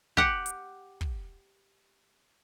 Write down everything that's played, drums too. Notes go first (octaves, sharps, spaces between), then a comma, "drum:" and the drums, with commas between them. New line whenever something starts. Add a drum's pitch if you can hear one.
G4 F#5, drum: kick
drum: hi-hat
drum: kick